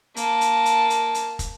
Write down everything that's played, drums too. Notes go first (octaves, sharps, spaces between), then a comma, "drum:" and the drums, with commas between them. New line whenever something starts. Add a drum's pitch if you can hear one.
A#3 A5, drum: hi-hat
drum: hi-hat
drum: hi-hat
drum: hi-hat
drum: hi-hat
drum: kick, hi-hat